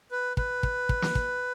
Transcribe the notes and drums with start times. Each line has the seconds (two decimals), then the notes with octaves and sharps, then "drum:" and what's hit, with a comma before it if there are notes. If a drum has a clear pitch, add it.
0.11 B4
0.37 B4, drum: kick
0.63 drum: kick
0.89 drum: kick
1.02 drum: snare
1.15 drum: kick